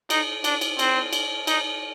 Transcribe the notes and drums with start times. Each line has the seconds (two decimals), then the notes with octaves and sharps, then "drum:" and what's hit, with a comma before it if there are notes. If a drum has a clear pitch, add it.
0.10 D#4, drum: cymbal
0.44 D4, drum: cymbal
0.61 drum: cymbal
0.79 C4, drum: cymbal
1.13 drum: cymbal
1.47 D#4, drum: cymbal